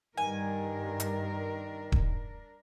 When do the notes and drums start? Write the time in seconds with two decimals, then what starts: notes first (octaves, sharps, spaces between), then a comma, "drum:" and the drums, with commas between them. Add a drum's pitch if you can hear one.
0.17 G2 D#3 D4 A#4 G#5
1.00 drum: hi-hat
1.92 drum: kick D#1